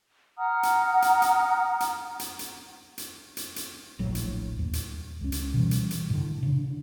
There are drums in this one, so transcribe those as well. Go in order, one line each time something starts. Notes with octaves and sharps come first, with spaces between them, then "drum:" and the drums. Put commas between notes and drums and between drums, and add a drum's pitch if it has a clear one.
F#5 A#5 D#6 F6
drum: hi-hat
drum: hi-hat
drum: hi-hat
drum: hi-hat
drum: hi-hat
drum: hi-hat
drum: hi-hat
drum: hi-hat
drum: hi-hat
D1 A#1 A2 F#3
drum: hi-hat
D#2
drum: hi-hat
C#2 C#4
drum: hi-hat
B2 E3 G3
drum: hi-hat
drum: hi-hat
A2 D3
C#3 D4